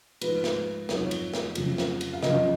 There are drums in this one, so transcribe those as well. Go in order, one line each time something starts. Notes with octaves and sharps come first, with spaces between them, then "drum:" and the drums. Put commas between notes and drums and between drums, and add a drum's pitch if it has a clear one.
G#2 F3 B4, drum: cymbal
drum: snare
F2 D#3 F#3 C#5, drum: snare
drum: cymbal
drum: snare
F2 C#3 F#3, drum: cymbal
drum: snare
drum: cymbal
F5
F#2 C#3 F3 D#5, drum: snare